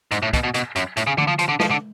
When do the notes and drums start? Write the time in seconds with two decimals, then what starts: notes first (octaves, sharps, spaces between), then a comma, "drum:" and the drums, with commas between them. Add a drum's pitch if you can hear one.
0.12 G#2, drum: hi-hat
0.22 A2
0.33 B2, drum: kick, hi-hat
0.44 B2
0.54 B2, drum: hi-hat
0.76 F#2, drum: hi-hat
0.97 A2, drum: hi-hat
1.07 C#3
1.18 D3, drum: tom D3
1.27 F3
1.39 F3, drum: hi-hat
1.49 D3
1.60 F3, drum: snare
1.71 D3